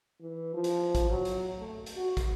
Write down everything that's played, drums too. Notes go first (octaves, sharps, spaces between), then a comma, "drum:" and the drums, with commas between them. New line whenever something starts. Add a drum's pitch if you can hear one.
E3
F3
drum: hi-hat
drum: kick, hi-hat
F#3
drum: hi-hat
A3
drum: hi-hat
F#4
drum: kick, hi-hat